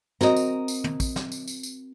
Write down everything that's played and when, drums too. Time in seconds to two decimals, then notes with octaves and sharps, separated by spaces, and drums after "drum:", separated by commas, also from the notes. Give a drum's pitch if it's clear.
0.21 C4 F#4 A#4 D#5 A#5, drum: snare
0.36 drum: tambourine
0.68 drum: tambourine
0.84 drum: tom
1.00 drum: kick, tambourine
1.16 drum: snare
1.32 drum: tambourine
1.47 drum: tambourine
1.63 drum: tambourine